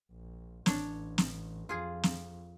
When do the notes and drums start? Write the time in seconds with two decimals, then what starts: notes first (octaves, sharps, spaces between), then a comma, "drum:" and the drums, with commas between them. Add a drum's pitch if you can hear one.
0.12 A#1
0.66 A1 D4 C#5, drum: snare
1.18 drum: snare
1.69 F2 F4 G#4 G#5
2.03 drum: snare